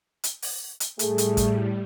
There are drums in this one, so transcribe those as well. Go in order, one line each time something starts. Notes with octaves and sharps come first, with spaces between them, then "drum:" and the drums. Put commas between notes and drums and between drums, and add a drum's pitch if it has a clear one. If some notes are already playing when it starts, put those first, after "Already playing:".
drum: hi-hat
drum: open hi-hat
drum: hi-hat
A2 G3 A3 G#4, drum: hi-hat
drum: hi-hat
drum: kick, hi-hat